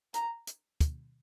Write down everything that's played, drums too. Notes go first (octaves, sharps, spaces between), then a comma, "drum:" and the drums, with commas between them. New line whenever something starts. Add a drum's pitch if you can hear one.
A#5, drum: hi-hat
drum: hi-hat
drum: kick, hi-hat